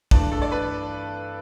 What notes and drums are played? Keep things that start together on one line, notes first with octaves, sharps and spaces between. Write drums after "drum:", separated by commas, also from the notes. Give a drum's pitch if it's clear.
G2 E3 A3 D4, drum: kick
A4
D5
B4